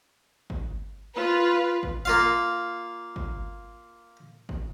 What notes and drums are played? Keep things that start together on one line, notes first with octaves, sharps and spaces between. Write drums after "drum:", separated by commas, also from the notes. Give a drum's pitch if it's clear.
drum: kick
F4 B4 F5
drum: kick
A#3 F4 F5
drum: kick
drum: kick